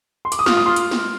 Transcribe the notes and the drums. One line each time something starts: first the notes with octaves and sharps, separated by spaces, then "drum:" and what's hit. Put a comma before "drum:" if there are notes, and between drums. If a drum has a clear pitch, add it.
C6
D6, drum: hi-hat
D#6
F4 F6, drum: snare
D#6
C6
drum: hi-hat
drum: snare